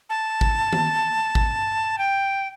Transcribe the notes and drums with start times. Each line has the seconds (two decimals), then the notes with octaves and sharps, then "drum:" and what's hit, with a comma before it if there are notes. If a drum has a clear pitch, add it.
0.10 A5
0.41 drum: kick G#1
0.73 drum: tom D#3
1.35 drum: kick G#1
1.98 G5